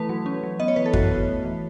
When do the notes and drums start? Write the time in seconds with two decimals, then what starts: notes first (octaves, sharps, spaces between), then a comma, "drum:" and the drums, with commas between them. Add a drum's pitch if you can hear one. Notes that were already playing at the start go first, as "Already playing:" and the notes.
Already playing: E3 A3 B4
0.09 F#3
0.26 C#4
0.43 F#3
0.60 B3 D#5
0.68 C#5
0.76 E3 B4
0.86 A4
0.93 E3 F#4, drum: kick F2
1.11 B3
1.28 A3
1.45 E3